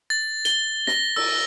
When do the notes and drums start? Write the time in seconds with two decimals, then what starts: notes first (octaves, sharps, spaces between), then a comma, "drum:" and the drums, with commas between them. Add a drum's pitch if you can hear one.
0.10 A6
0.45 G7, drum: hi-hat
0.87 A#6, drum: snare
1.16 E6, drum: cymbal